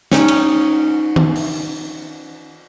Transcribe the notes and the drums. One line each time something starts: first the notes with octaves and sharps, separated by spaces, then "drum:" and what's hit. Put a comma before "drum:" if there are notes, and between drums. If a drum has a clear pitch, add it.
C#4 D#4, drum: snare
drum: cymbal
drum: tom D#3
drum: open hi-hat